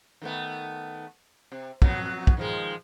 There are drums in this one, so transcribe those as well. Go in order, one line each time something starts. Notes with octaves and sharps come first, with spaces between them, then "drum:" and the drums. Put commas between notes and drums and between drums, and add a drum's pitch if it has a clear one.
D#3 A3 B3
C3
F2 F#3 B3, drum: kick
drum: kick
D#3 F3 G#3